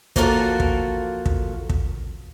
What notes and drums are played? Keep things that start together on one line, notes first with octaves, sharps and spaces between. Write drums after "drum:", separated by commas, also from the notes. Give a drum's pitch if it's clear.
F3 A#3 F4 F#4 A4 A#4, drum: kick
drum: kick
drum: kick
drum: kick